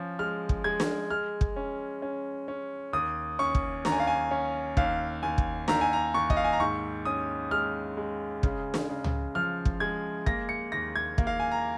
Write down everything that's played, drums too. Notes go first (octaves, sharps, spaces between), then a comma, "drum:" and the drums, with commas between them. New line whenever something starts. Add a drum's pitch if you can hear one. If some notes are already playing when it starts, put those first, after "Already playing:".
Already playing: F3 C#4
G#3 F6
drum: kick
G#3 G#6
drum: snare
G#3 F6
drum: kick
C#4
C#4
C#4
D#2 D#6
C#4 C#6
drum: kick
D#2 A#5, drum: snare
G#5
F5
G#5
C#4
D#2 F5, drum: kick
D#2 G#5
drum: kick
D#2 A#5, drum: snare
G#5
A#5
D#2 C#6
D#5, drum: kick
F5
G#5
A#5
G#2 C#6
C#4 D#6
G#3 F6
G#3
C#3, drum: kick
drum: snare
C#3
drum: tom C#2
F3 F6
drum: kick
G#3 G#6
A#3 A#6, drum: kick
C#7
D#2 A#6
G#6
A#3, drum: kick
F5
G#5
A#5